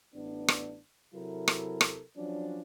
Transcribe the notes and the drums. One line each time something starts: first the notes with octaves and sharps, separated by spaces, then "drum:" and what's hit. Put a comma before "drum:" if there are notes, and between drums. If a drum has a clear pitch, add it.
A1 B3 D4
drum: rim click
C3 F#3 E4 A4 A#4
drum: rim click
drum: rim click
F3 F#3 C#4 D4